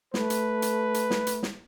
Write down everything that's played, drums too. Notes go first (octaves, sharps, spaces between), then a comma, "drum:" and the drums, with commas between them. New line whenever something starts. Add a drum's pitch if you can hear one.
A3 B4, drum: snare
drum: hi-hat
drum: hi-hat
drum: hi-hat
drum: snare
drum: hi-hat
drum: snare